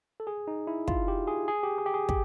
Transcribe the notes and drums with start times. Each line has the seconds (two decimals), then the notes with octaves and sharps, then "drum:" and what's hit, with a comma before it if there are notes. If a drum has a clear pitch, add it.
0.20 A4
0.27 G#4
0.48 D#4
0.67 E4
0.88 F4, drum: kick
1.08 G4
1.27 G#4
1.48 G#4
1.63 G4
1.78 G#4
1.86 G4
1.94 G#4
2.09 G4, drum: kick